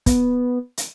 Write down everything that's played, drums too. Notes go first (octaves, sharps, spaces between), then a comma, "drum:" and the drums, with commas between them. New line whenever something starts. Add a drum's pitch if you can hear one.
B3, drum: kick, hi-hat
drum: hi-hat